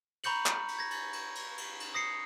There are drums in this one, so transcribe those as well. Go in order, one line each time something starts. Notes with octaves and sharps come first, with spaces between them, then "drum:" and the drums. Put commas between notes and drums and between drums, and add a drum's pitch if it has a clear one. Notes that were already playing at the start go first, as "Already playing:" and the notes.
A#5 B5 C#6 G6 C#7 F#7, drum: cymbal
drum: clap
drum: cymbal
G#6 A#6
drum: cymbal
drum: cymbal
drum: cymbal
drum: cymbal
drum: cymbal
D#6 A#6 C7 C#7